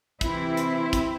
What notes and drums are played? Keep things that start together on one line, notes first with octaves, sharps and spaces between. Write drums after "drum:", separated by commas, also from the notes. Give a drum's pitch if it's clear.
C3 E3 C4 E4, drum: kick, hi-hat
drum: hi-hat
drum: kick, hi-hat